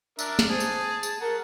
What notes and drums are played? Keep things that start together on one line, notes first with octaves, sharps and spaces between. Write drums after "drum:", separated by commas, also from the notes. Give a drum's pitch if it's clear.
D4 A#4 E5, drum: tambourine
drum: snare
G#4 C5 A5
drum: tambourine
G#4, drum: tambourine
A#4 F#5 A5 A#5